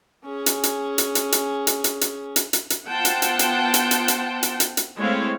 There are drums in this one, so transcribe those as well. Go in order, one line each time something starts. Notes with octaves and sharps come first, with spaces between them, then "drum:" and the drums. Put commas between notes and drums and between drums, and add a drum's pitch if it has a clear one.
C#4 G#4
drum: hi-hat
drum: hi-hat
drum: hi-hat
drum: hi-hat
drum: hi-hat
drum: hi-hat
drum: hi-hat
drum: hi-hat
drum: hi-hat
drum: hi-hat
drum: hi-hat
B3 F4 C5 F#5 G5 A5
drum: hi-hat
drum: hi-hat
drum: hi-hat
drum: hi-hat
drum: hi-hat
drum: hi-hat
drum: hi-hat
drum: hi-hat
drum: hi-hat
G#3 A3 C4 E4 C#5 F5